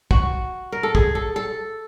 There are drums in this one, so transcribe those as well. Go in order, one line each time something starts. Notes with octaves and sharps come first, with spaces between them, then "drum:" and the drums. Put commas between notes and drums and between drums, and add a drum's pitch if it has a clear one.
F#4, drum: kick
A#4
A4
G#4, drum: kick
A4
A4